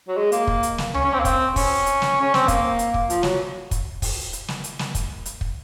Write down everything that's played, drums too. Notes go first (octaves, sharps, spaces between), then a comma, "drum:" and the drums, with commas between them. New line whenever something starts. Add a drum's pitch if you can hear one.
F#3
G#3
A#3, drum: hi-hat
drum: kick
drum: hi-hat
drum: snare
C#4, drum: tom C#2
C#4
C4
A#3
C4, drum: kick, hi-hat
C#4, drum: kick, open hi-hat
drum: hi-hat
drum: snare
C#4
C4, drum: snare
A#3, drum: kick, hi-hat
drum: hi-hat
drum: kick
F3, drum: hi-hat
F#3, drum: snare
drum: kick, hi-hat
drum: kick, open hi-hat
drum: hi-hat
drum: snare
drum: hi-hat
drum: snare
drum: kick, hi-hat
drum: hi-hat
drum: kick